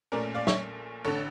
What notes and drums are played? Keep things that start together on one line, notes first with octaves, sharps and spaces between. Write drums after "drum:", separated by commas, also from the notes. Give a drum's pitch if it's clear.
A#1 A#2 A3 C#4 A#4 D5
D5 F5
C#5 E5, drum: snare
A1 D3 A4 C#5